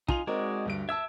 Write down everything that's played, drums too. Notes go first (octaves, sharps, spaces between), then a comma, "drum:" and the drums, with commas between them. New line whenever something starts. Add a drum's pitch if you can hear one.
D#4 F4 G#5 F7, drum: kick
G#3 C4 D#4 F#4 A#4 D5
D2 G2 D7
E5 A5 E6 G#6